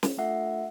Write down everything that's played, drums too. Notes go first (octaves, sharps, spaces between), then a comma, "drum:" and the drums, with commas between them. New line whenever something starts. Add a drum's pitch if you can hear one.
drum: snare
A3 D4 F4 A4 E5 F#5